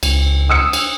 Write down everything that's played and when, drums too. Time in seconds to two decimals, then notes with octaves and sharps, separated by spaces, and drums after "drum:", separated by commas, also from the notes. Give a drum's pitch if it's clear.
0.03 C#2, drum: cymbal
0.50 D#6 E6 C#7
0.73 drum: cymbal